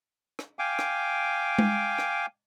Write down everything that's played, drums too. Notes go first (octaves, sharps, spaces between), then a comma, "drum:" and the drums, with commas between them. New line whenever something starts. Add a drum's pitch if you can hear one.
drum: rim click
F5 G5 G#5 D6
drum: rim click
drum: tom G#3
drum: rim click